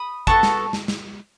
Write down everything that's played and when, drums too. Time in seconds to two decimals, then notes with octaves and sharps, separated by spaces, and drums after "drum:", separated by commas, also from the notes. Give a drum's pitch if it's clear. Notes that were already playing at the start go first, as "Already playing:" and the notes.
Already playing: B5 D#6
0.27 B3 F#4 A4 A5 C#6, drum: kick
0.43 drum: snare
0.73 drum: snare
0.88 drum: snare